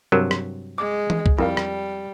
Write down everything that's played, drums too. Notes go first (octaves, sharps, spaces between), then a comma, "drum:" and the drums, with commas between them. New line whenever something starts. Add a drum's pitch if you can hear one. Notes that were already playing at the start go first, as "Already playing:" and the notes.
G2 C3 F#3 A#4
drum: rim click
G#3 D6
drum: tom E3
drum: kick
F2 G3 E4 A#4 F5
drum: rim click